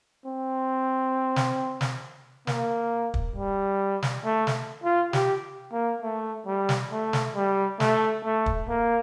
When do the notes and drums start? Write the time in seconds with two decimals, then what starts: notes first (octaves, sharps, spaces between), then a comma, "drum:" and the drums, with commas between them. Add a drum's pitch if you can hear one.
0.25 C4
1.36 drum: snare
1.81 drum: snare
2.47 A#3, drum: snare
3.14 drum: kick
3.36 G3
4.03 drum: snare
4.25 A3
4.47 drum: snare
4.84 F4
5.13 G4, drum: snare
5.73 A#3
6.02 A3
6.46 G3
6.69 drum: snare
6.91 A3
7.13 drum: snare
7.36 G3
7.80 A3, drum: snare
8.24 A3
8.46 drum: kick
8.68 A#3